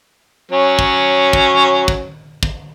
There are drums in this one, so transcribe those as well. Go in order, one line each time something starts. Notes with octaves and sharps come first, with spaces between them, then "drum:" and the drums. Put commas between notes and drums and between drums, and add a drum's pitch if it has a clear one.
F#3 C#4
drum: kick
drum: kick
drum: kick
drum: kick